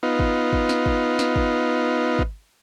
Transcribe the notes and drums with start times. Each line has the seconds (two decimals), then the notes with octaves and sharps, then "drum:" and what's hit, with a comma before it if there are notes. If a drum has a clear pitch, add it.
0.03 B3 D#4 F4
0.19 drum: kick
0.53 drum: kick
0.69 drum: snare
0.86 drum: kick
1.19 drum: snare
1.36 drum: kick
2.19 drum: kick